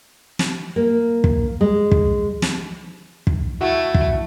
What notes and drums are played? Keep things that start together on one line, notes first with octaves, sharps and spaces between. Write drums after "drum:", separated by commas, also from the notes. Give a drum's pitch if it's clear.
drum: snare
A#3
drum: kick
G#3
drum: kick
drum: snare
drum: kick
A3 E4 F#4 E5 F#5
drum: kick